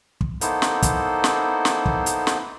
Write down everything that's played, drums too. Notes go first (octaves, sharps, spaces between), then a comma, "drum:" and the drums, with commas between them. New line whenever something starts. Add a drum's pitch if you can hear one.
drum: kick
A#3 B3 D#4 E4 A4 C5, drum: hi-hat
drum: snare
drum: kick, hi-hat
drum: snare
drum: snare
drum: kick
drum: hi-hat
drum: snare